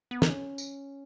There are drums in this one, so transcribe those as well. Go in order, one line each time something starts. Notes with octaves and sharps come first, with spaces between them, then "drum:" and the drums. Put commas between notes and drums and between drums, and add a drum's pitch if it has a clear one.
B3
D#4, drum: snare
C#4
drum: tambourine